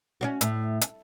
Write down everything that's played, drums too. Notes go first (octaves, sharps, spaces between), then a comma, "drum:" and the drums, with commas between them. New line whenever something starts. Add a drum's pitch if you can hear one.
C#4 D4 F#4
A2, drum: hi-hat
drum: hi-hat